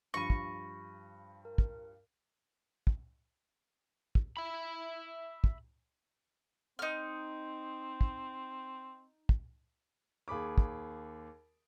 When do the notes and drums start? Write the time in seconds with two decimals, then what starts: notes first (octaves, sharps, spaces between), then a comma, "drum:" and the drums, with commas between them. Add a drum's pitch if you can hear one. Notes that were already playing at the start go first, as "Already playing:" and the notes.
0.14 G2 F3 B5 C#6 A#6 D#7
0.30 drum: kick
1.45 A#4
1.58 drum: kick
2.87 drum: kick
4.15 drum: kick
4.37 E5 B5
5.44 drum: kick
6.79 C4 D#4 F6
8.01 drum: kick
9.29 drum: kick
10.28 D#2 G#4 B5 D6
10.58 drum: kick